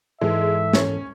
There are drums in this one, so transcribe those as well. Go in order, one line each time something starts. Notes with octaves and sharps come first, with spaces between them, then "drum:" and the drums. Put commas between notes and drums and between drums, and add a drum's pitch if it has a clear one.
G#2 E3 G#3 A4 E5
C#4, drum: snare